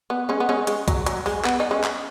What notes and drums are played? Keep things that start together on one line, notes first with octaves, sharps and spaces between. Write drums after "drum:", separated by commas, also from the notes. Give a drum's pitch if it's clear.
B3
G#3 C#4
B3
G#3 C#4
G#3, drum: hi-hat
F#3, drum: kick B1, hi-hat
F#3, drum: hi-hat
G#3, drum: open hi-hat
B3, drum: clap
D#4
G#3 C#4
drum: clap